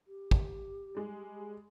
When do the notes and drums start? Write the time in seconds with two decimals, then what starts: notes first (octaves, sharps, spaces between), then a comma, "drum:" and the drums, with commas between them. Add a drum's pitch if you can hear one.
0.08 G4
0.31 drum: kick
0.95 G3 G#3